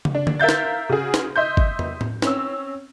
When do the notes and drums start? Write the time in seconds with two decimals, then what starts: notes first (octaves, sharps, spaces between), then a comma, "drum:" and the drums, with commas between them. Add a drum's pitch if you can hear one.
0.05 drum: tom
0.15 D4
0.27 drum: tom D3
0.40 A#4 E5 F5 G6 A6
0.49 drum: snare
0.89 C#3 F#4 G#4
1.14 drum: snare
1.36 D#5 E5 C6 G6
1.57 drum: kick
1.79 drum: tom
2.01 drum: tom A2
2.22 C4 C#4 E6, drum: snare